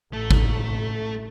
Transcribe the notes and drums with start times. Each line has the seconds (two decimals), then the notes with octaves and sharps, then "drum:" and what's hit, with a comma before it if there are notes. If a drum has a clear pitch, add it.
0.13 A1 A3
0.31 drum: kick